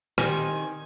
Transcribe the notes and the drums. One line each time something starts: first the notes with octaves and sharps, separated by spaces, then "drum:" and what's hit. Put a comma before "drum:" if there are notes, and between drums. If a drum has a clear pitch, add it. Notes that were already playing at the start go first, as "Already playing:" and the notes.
D#3 C4 G4 G#5, drum: rim click